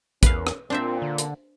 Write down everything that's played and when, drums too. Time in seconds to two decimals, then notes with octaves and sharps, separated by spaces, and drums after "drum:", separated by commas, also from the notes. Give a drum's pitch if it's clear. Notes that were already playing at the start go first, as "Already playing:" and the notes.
0.23 E2 C#4 A#4 B4 F5, drum: kick, hi-hat
0.47 drum: rim click
0.70 A#2 C4 D4 C5 E5
1.02 D3
1.18 drum: hi-hat